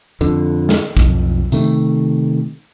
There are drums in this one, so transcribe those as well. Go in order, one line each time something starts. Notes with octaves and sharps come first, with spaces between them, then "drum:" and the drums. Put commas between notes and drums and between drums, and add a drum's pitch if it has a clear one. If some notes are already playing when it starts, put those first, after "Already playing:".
F2 D3
drum: snare
B1 F2, drum: kick
C3 D#3 A3, drum: tambourine